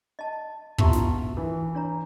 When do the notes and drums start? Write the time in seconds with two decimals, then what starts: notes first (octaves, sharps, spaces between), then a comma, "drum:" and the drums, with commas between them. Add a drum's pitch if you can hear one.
0.19 D#5 A5
0.78 B2 E4 F4 G4 E5 A5, drum: kick
0.93 drum: snare
1.37 E3
1.75 D4 C#5 A#5